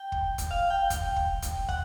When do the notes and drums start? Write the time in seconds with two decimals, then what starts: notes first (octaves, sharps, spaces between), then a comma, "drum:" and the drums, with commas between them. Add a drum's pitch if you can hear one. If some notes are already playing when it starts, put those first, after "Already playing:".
Already playing: G5
0.12 drum: kick
0.38 drum: kick, hi-hat
0.51 F5
0.70 G5
0.90 drum: kick, hi-hat
1.16 drum: kick
1.42 drum: kick, hi-hat
1.69 F#5, drum: kick